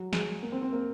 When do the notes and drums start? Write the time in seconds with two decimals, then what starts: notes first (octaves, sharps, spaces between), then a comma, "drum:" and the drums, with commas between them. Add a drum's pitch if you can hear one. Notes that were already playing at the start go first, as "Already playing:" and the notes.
Already playing: F#3
0.13 G#3, drum: snare
0.43 A#3
0.52 C4
0.62 C4
0.73 A#3